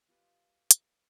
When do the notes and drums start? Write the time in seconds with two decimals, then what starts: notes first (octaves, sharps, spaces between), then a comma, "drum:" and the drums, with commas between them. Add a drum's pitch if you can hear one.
0.09 F4 G4 B4 D#5
0.71 drum: hi-hat